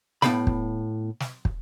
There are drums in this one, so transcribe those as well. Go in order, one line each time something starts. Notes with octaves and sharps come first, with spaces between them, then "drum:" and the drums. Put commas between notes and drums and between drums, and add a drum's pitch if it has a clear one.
A2 B3 E4 F5 G5 B5, drum: snare
drum: kick
drum: snare
drum: kick